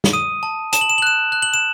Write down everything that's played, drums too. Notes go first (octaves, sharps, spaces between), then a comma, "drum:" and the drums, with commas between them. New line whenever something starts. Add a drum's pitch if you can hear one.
drum: snare
D#6 D#7
A5
A5 E7, drum: hi-hat
F#7
E7
F#7
F#6 E7
F#6
F#7
E7